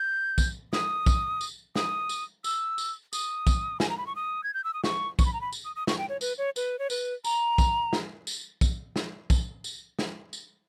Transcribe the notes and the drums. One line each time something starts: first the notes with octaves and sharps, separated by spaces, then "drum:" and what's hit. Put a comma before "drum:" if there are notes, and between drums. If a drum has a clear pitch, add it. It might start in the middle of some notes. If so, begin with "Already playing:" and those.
Already playing: G6
drum: kick, tambourine
D#6, drum: snare
drum: kick, tambourine
drum: tambourine
D#6, drum: snare
drum: tambourine
E6, drum: tambourine
drum: tambourine
D#6, drum: tambourine
drum: kick, tambourine
G#5, drum: snare
A#5
B5
C#6
D#6
G#6
G6
E6
D#6
C#6, drum: snare
C#6, drum: kick, tambourine
B5
A#5
B5
drum: tambourine
D#6
D#6
C#6, drum: snare
G5
C#5
B4, drum: tambourine
C#5
B4, drum: tambourine
C#5
B4, drum: tambourine
A#5, drum: tambourine
drum: kick, tambourine
drum: snare
drum: tambourine
drum: kick, tambourine
drum: snare
drum: kick, tambourine
drum: tambourine
drum: snare
drum: tambourine